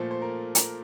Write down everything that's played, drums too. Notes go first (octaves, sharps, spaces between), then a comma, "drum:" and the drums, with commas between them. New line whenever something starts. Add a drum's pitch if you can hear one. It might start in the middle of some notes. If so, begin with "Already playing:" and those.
Already playing: A#2 F3 A3 A4 C5
C5
A#4
A#4, drum: hi-hat